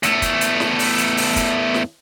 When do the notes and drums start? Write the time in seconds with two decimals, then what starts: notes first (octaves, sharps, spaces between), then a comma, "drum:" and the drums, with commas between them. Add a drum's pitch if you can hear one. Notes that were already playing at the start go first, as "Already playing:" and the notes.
0.03 E2 A3, drum: hi-hat
0.22 drum: kick, hi-hat
0.41 drum: hi-hat
0.60 drum: snare
0.79 drum: open hi-hat
0.98 drum: hi-hat
1.17 drum: open hi-hat
1.36 drum: kick, hi-hat
1.74 drum: snare